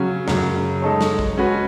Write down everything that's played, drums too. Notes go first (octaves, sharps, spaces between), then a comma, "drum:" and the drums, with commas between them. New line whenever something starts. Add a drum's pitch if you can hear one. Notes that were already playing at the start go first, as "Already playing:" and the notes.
Already playing: C#3 F#3 C#4
F#2 C#3 F#3, drum: snare
G#3 D#4 A4 C#5
drum: snare
drum: kick
G#3 C#4 F#4 B4